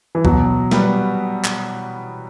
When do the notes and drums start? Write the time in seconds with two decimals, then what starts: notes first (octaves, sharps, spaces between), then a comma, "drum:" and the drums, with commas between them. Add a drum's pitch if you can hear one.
0.15 E3
0.25 B2 F#3, drum: kick C2
0.71 G3 B3, drum: snare
1.45 drum: clap